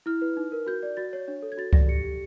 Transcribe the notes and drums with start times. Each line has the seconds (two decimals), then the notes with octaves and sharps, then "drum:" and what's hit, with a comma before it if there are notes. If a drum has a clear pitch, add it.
0.06 E4 F6
0.22 B4
0.37 D#4
0.52 A#4
0.67 F#4 G6
0.83 D5
0.97 F#4 A6
1.13 C#5
1.28 D4
1.42 A4
1.52 G#6
1.57 F#4 A6
1.73 D5 A#6, drum: kick C#2
1.88 G4 C#7
2.03 G4